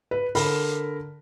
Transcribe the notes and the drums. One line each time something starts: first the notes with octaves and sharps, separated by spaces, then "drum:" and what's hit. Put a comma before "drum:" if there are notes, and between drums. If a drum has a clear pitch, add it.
B4
D3 A#4 B5, drum: open hi-hat